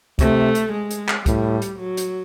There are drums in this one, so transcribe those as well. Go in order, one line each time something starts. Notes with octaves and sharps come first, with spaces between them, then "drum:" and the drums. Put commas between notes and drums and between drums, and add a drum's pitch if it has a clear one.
C3 A3, drum: kick, hi-hat
drum: hi-hat
G#3
drum: hi-hat
drum: clap
A2 G3, drum: kick, hi-hat
drum: hi-hat
F#3
drum: hi-hat